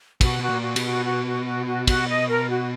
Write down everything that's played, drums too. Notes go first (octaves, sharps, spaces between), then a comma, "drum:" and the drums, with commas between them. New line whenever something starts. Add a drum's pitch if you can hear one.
B2 F#4, drum: kick, cymbal
B2 F#4
A#2
F#4
B2, drum: cymbal
F#4
F#4
F#4
F#4
F#4
F#4, drum: kick, cymbal
D#5
A#4
F#4